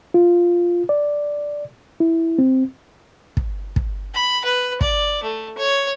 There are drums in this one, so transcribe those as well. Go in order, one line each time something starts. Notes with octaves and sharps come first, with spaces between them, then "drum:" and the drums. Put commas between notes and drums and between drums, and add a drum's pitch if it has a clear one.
F4
D5
E4
C4
drum: kick
drum: kick
B5
B4
D5, drum: kick
A3
C#5